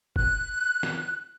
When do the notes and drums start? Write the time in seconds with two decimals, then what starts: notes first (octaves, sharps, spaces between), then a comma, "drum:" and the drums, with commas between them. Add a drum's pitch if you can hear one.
0.16 F#6, drum: kick
0.83 drum: snare